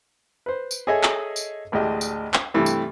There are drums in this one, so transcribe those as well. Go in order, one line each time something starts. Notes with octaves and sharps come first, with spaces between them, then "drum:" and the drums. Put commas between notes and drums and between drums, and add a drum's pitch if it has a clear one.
B4 C5
drum: tambourine
G#4 A4 C#5 D#5 E5 G#5
drum: clap
drum: tambourine
A1 D2 G#3 G4 D#5
drum: tambourine
drum: clap
G2 C3 E3 A3
drum: tambourine